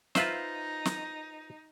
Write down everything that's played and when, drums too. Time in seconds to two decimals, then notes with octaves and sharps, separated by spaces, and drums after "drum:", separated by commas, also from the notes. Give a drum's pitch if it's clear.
0.15 D#4 F4 B4 C5 E5 F5, drum: snare
0.85 drum: snare